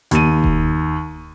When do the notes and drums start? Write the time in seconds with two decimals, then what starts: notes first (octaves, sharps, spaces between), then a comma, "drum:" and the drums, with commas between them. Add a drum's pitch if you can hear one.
0.11 D#2 D#7, drum: hi-hat
0.44 drum: kick E1